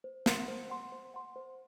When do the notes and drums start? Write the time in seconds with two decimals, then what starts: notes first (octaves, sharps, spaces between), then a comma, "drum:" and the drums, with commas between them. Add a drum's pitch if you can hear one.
0.04 C5
0.26 F#5 C6, drum: snare
0.48 C5
0.70 F#5 C6
0.92 C5
1.14 F#5 C6
1.36 C5